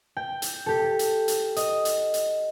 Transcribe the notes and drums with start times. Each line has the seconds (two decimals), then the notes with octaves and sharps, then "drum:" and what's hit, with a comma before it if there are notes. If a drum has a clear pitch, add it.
0.17 G5
0.42 drum: hi-hat
0.66 G4 A4
0.99 drum: hi-hat
1.28 drum: hi-hat
1.56 D#5, drum: hi-hat
1.85 drum: hi-hat
2.14 drum: hi-hat